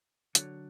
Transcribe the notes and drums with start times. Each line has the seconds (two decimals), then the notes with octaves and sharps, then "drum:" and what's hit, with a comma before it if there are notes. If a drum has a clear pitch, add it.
0.35 D3 F#3, drum: hi-hat